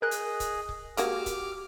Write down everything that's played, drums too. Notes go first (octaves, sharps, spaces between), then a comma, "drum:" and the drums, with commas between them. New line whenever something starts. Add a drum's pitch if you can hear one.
G#4 A#4 D#5 F#6
drum: hi-hat
drum: kick C#1, hi-hat
drum: kick C#1
G#3 A#3 F#4 G4 D6 F6, drum: hi-hat
drum: kick C#1, hi-hat